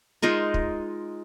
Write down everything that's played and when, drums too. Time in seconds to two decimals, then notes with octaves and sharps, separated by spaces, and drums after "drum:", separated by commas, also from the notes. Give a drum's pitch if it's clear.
0.22 G#3 D#4 F4 A#4
0.54 drum: kick